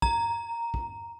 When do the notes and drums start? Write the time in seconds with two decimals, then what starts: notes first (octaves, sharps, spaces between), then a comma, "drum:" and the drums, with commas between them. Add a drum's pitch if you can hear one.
0.02 A#5, drum: kick
0.74 drum: kick